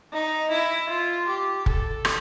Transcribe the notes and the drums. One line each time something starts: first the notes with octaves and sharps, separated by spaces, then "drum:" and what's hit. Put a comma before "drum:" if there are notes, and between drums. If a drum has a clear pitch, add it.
D#4
E4
F4
G4
A4, drum: kick
drum: rim click